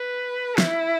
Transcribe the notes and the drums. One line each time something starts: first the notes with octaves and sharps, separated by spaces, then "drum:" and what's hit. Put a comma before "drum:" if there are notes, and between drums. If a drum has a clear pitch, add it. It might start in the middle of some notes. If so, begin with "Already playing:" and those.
Already playing: B4
E4, drum: snare